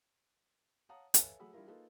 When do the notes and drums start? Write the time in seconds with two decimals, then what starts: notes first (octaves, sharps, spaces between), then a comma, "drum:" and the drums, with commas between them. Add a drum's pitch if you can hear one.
0.89 C#5 F5 F#5 A5 A#5 D#6
1.14 A4 B4 C#5 E5 F5 G#5, drum: hi-hat
1.40 F#3 A3 G#4 F#5 B5 E6
1.53 G3 D4 E4 F4 A#4
1.67 A#3 D#4 F4 G#4 A4 B4